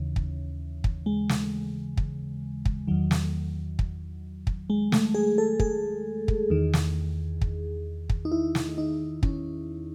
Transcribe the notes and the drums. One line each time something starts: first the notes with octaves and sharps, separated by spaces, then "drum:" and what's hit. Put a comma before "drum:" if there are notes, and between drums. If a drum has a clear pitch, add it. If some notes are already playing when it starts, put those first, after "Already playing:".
Already playing: D#2 C#3 E3
drum: kick
drum: kick
G#3
drum: snare
drum: kick
drum: kick
E2 D#3 F#3
drum: snare
drum: kick
drum: kick
G#3
A3, drum: snare
G#4
A4
G#4, drum: kick
drum: kick
E2 D#3
drum: snare
drum: kick
drum: kick
D#4
E4
drum: snare
D#4
C#4, drum: kick